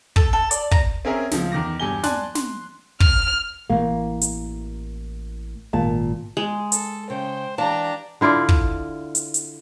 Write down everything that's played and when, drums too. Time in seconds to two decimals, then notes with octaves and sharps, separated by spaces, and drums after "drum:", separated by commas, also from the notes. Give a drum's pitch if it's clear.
0.16 A4, drum: kick
0.33 A4
0.51 D5, drum: hi-hat
0.71 A#5, drum: kick
1.05 C4 C#4 G#4 A#4 E5
1.31 C#2 F3, drum: snare
1.52 E2 D#3 D6 A#6
1.80 E1 G2 G4 G#5 G7
2.03 D5 G#5 A5 C6 F#6, drum: snare
2.35 C6, drum: snare
3.00 F6, drum: kick
3.70 A1 A2 E3 A#3
4.21 drum: hi-hat
5.73 G#1 A#2 A5
6.37 G#3
6.72 A4, drum: hi-hat
7.10 C#3 C5 G5
7.58 E3 D4 G4 F5 A5 A#5
8.21 D3 E4 F4 D5
8.49 drum: kick
9.15 drum: hi-hat
9.34 drum: hi-hat